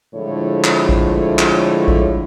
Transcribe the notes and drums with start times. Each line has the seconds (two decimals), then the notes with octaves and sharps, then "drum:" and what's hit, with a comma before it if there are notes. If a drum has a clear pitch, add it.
0.15 A2 D3 F3 G#3 C#5
0.64 drum: clap
0.89 drum: kick A#1
1.38 drum: clap
1.88 drum: kick A#1